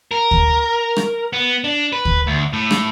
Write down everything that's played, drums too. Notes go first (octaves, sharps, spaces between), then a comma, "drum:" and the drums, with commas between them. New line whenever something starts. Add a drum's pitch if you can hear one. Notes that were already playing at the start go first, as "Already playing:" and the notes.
A#4
drum: kick D2
drum: rim click
B3
D4
B4
drum: kick D2
D2
A2
drum: rim click